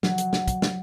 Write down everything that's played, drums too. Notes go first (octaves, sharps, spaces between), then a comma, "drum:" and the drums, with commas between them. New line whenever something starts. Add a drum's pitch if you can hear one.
F#3, drum: snare
drum: hi-hat
drum: snare
drum: kick, hi-hat
drum: snare